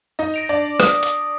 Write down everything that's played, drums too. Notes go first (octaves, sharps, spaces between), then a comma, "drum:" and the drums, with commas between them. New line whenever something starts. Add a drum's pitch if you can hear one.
D#4 D#5
A#6 D7 F7
D4 D5
D#6, drum: rim click
drum: hi-hat